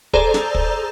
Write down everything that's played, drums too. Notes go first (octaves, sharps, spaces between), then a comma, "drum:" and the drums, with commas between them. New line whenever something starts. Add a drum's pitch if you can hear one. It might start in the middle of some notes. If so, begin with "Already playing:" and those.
G#4 A4 C5 D5 A#5, drum: kick
drum: snare
drum: kick